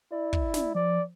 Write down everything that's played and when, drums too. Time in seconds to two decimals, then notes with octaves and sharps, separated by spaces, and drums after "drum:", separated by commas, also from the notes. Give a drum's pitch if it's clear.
0.12 E4 D5
0.33 drum: kick
0.54 drum: snare
0.75 F3 D5